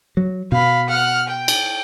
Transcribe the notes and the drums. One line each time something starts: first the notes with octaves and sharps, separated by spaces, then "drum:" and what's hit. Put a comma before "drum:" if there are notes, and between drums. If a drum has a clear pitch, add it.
F#3
B2 F5 B5
F#5 F6
G5
drum: cymbal